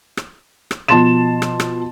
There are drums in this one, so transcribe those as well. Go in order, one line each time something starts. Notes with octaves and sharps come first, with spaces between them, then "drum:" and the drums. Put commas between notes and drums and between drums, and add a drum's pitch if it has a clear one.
drum: rim click
drum: rim click
B2 F3 A5 C6 A6 E7
drum: rim click
drum: rim click